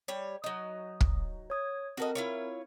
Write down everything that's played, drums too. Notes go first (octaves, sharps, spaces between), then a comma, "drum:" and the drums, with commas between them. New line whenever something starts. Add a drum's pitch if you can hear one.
G3 C#5
F#3 D#4 D#6
drum: kick
C#5 D#6 G#6
C4 F#4 A4 A#4 D#5
E4 F4 C#5